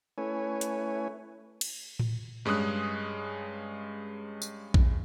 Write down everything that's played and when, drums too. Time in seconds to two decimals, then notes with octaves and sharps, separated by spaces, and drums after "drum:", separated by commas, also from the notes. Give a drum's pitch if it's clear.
0.18 A3 C#4 E4 B4 C#5 G#5
0.61 drum: hi-hat
1.61 drum: cymbal
1.99 drum: tom A2
2.45 G2 G#3 C#4 D#6 F#6
4.42 drum: tambourine
4.74 drum: kick A#1